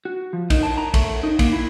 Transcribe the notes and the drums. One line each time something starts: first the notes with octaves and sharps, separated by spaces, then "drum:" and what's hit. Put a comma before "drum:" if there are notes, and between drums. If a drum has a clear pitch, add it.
F#4
F3
D#4, drum: kick, cymbal
A5
A#5
A3, drum: kick, cymbal
D#4
A#3, drum: kick, cymbal
E4